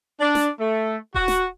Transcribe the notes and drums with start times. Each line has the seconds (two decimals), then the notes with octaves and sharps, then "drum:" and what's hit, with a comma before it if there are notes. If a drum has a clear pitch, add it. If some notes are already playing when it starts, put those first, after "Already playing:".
0.20 D4
0.35 drum: snare
0.58 A3
1.14 F#4, drum: kick D#1
1.28 drum: snare